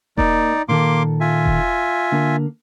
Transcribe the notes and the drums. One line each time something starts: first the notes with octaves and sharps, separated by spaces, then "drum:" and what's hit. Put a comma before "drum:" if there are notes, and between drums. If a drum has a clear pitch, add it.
A#3 D#4 D5, drum: kick E1
A#2 D#3 A#3 A4 C6 D6
F4 E5 G#5
drum: kick E1
D3 A#3